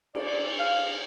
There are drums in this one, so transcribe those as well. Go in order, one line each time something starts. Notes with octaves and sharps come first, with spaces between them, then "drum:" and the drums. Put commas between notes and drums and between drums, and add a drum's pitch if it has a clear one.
D5, drum: cymbal
F5